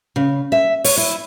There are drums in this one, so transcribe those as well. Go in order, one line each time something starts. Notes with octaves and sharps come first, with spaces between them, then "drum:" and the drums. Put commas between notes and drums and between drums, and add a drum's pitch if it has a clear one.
C#3
E5
C#5, drum: open hi-hat
E4